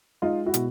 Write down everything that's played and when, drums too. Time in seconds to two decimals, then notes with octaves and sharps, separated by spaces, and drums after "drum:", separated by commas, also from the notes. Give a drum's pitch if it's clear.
0.22 G#3 D#4 F4
0.46 E4 F#4
0.54 B2, drum: hi-hat